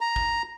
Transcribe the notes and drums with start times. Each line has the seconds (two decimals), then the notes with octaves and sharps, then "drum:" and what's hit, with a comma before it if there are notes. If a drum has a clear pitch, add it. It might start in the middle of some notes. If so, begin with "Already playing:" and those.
0.01 A#5
0.16 drum: kick G#1